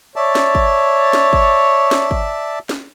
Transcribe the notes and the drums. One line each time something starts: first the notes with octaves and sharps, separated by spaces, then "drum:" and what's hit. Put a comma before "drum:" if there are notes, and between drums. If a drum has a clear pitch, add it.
C#5 D5 E5 A5
drum: snare
drum: kick
drum: snare
drum: kick
drum: snare
drum: kick
drum: snare